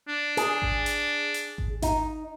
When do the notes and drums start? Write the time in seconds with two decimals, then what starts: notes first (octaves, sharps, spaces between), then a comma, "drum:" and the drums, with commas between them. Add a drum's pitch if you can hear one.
0.08 D4
0.37 G#4, drum: hi-hat
0.62 drum: kick G#1
0.86 drum: hi-hat
1.34 drum: hi-hat
1.58 drum: kick G#1
1.82 D#4, drum: kick G#1, hi-hat